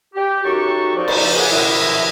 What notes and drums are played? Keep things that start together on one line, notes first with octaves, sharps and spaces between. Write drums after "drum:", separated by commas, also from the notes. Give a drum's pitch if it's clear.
G4
F#2 D#4 F#4 A4 C#6
F3 D#4 D5
drum: cymbal
G#4 A#4 B4 C#5 D5 F#5
F#2 B2 D#3 F3 G#3 E4